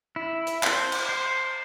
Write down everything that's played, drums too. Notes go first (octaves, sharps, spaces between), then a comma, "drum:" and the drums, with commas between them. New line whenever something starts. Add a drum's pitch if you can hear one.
E4
drum: hi-hat
C5, drum: clap
drum: cymbal
C5